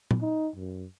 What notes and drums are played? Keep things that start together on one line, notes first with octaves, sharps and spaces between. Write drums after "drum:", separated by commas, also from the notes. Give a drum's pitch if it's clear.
drum: tom A#2
D#4
F#2